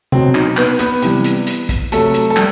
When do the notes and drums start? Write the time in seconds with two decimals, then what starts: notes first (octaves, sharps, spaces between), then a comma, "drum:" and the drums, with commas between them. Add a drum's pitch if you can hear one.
0.12 B2 F#3 C4, drum: tom C3
0.35 D#4, drum: clap
0.57 B3 B4, drum: clap
0.79 B3 B4, drum: hi-hat
1.02 C3 E3 G3, drum: hi-hat
1.24 drum: hi-hat
1.47 drum: hi-hat
1.69 drum: kick, hi-hat
1.92 C3 F#3 A3 A4, drum: hi-hat
2.14 drum: hi-hat
2.30 A4
2.37 G3, drum: clap